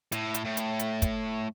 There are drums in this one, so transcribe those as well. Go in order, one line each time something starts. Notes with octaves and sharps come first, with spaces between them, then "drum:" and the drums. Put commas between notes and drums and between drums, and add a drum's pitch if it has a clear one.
A2, drum: hi-hat
drum: hi-hat
A2
drum: hi-hat
drum: hi-hat
drum: kick, hi-hat